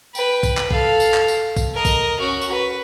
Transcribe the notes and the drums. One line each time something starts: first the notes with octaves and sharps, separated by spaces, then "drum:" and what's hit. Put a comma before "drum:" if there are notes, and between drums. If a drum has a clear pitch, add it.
B4 G5, drum: tambourine
drum: kick, tambourine
drum: clap
A4 F5, drum: kick
drum: tambourine
drum: clap
drum: tambourine
drum: kick, tambourine
A#4 D#5
drum: kick, tambourine
C#4 F#4
drum: tambourine
B4